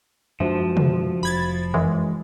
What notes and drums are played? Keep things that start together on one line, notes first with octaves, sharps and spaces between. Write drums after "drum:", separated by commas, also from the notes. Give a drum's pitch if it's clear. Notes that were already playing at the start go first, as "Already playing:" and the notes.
F#2 F3 G#3 D4 F#4 C5 E5
drum: tom
F1 B5 G#6 A6
F#2 E3 G#3